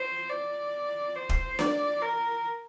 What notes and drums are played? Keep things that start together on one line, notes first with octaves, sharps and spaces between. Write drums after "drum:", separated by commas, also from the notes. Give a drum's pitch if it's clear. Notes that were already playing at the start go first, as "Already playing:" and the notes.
Already playing: C5
D5
C5
drum: kick D#1
D5, drum: snare D4
A#4